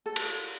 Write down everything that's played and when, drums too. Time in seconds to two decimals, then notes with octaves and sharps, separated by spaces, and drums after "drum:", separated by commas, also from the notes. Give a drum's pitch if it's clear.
0.06 A4
0.16 drum: cymbal